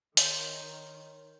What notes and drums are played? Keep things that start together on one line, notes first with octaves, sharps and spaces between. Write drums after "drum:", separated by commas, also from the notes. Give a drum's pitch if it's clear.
D#3 C#5 C6 G6, drum: hi-hat